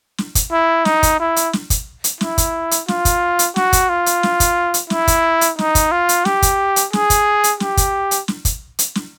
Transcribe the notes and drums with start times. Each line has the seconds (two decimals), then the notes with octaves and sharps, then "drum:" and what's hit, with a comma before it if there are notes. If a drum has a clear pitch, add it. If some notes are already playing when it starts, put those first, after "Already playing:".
0.18 drum: snare
0.35 drum: kick, hi-hat
0.52 E4
0.85 D#4, drum: snare
1.03 drum: kick, hi-hat
1.20 E4
1.36 drum: hi-hat
1.53 drum: snare
1.70 drum: kick, hi-hat
2.04 drum: hi-hat
2.21 E4, drum: snare
2.38 drum: kick, hi-hat
2.71 drum: hi-hat
2.88 F4, drum: snare
3.05 drum: kick, hi-hat
3.39 drum: hi-hat
3.56 F#4, drum: snare
3.73 drum: kick, hi-hat
3.89 F4
4.06 drum: hi-hat
4.23 drum: snare
4.40 drum: kick, hi-hat
4.74 drum: hi-hat
4.90 E4, drum: snare
5.08 drum: kick, hi-hat
5.41 drum: hi-hat
5.59 D#4, drum: snare
5.75 drum: kick, hi-hat
5.92 F4
6.09 drum: hi-hat
6.25 G4, drum: snare
6.42 drum: kick, hi-hat
6.76 drum: hi-hat
6.93 G#4, drum: snare
7.10 drum: kick, hi-hat
7.44 drum: hi-hat
7.60 G4, drum: snare
7.77 drum: kick, hi-hat
8.11 drum: hi-hat
8.28 drum: snare
8.45 drum: kick, hi-hat
8.79 drum: hi-hat
8.95 drum: snare